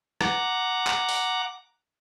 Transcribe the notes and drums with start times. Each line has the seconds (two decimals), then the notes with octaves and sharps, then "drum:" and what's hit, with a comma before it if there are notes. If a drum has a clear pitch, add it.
0.21 F#5 A#5 D6, drum: rim click
0.87 drum: clap
1.09 drum: open hi-hat